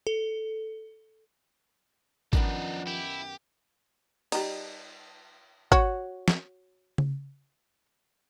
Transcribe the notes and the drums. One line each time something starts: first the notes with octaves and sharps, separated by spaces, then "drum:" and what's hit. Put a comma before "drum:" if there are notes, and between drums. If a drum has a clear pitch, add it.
A4
F#2 D#3 F3 B3 D4 D#4, drum: kick
E4 G4
G3 D#4, drum: cymbal
F#4 C#5, drum: kick
drum: snare
drum: tom C#3